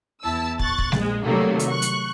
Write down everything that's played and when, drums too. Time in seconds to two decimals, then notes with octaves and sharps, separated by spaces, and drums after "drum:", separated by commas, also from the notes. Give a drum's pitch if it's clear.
0.23 E2 E4 A5 E6
0.59 C#6 F#6 A6, drum: kick
0.78 drum: kick
0.92 A#1 G#3, drum: snare G3
1.23 C3 D#3 F#3 G3 A3 A#3
1.59 drum: hi-hat
1.68 C#6 F#6
1.82 drum: hi-hat